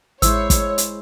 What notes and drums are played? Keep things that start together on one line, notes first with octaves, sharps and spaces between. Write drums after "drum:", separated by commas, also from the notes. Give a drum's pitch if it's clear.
A1 G#3 E4 C5 C#5 E6, drum: hi-hat
drum: kick, hi-hat
drum: hi-hat